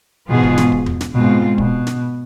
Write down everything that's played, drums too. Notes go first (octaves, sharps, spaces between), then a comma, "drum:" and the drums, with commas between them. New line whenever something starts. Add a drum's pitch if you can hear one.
G#2 B2 E3 B3 F4 G#4
drum: kick
drum: snare
drum: kick
drum: tom E2
drum: snare
G#2 B2 G#3 C4 F4
B2, drum: kick
drum: snare